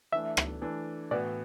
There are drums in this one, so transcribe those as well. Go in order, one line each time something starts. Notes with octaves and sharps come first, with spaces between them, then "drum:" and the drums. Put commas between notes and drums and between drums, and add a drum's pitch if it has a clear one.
E3 A3 D4 E5
drum: rim click
E3 A3 D4
A2 E3 B3 F#4 D5